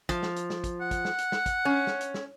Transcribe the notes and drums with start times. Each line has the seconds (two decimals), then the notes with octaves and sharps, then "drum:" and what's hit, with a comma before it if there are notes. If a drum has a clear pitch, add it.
0.09 F3, drum: kick, hi-hat
0.23 drum: snare
0.36 drum: hi-hat
0.50 drum: snare
0.64 drum: kick, hi-hat
0.81 F#5
0.91 drum: kick, hi-hat
1.05 drum: snare
1.18 drum: hi-hat
1.32 drum: snare
1.46 drum: kick, hi-hat
1.65 C#4
1.87 drum: snare
2.01 drum: hi-hat
2.14 drum: snare